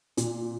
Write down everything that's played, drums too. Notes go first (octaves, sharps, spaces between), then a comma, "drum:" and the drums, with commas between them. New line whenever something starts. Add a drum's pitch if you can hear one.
A#2, drum: hi-hat